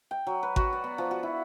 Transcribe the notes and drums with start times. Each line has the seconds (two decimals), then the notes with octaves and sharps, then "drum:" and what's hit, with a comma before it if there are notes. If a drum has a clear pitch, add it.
0.11 G5
0.27 F#3
0.43 B4
0.56 F#4, drum: kick G#1
0.73 D5
0.84 B3
0.98 F3
1.11 F#4
1.23 E4